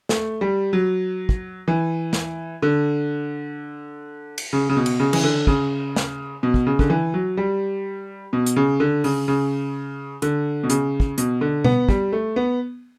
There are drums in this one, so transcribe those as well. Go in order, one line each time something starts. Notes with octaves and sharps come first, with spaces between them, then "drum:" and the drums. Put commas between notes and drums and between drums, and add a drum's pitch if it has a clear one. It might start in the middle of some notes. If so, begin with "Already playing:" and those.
A3, drum: snare
G3
F#3
drum: kick
E3
drum: snare
D3
drum: cymbal
C#3
C#3
B2
drum: cymbal
C#3
E3, drum: cymbal
D3
C#3, drum: kick
drum: snare
B2
drum: kick
C#3
D3, drum: kick
E3
F#3
G3
B2
drum: hi-hat
C#3
D3
C#3, drum: open hi-hat
C#3
D3, drum: hi-hat
B2
C#3, drum: hi-hat
drum: kick
B2, drum: hi-hat
D3
B3, drum: tom B2
G3, drum: kick
A3
B3